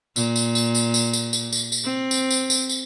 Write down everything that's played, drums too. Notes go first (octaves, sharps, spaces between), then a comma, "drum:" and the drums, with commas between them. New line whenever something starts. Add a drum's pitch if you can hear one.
A#2, drum: tambourine
drum: tambourine
drum: tambourine
drum: tambourine
drum: tambourine
drum: tambourine
drum: tambourine
drum: tambourine
drum: tambourine
C4
drum: tambourine
drum: tambourine
drum: tambourine
drum: tambourine